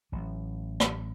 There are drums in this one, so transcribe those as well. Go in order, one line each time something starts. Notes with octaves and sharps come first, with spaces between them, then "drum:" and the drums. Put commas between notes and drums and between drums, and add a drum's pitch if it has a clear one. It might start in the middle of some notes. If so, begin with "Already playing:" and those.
A1 A2 F#3
drum: rim click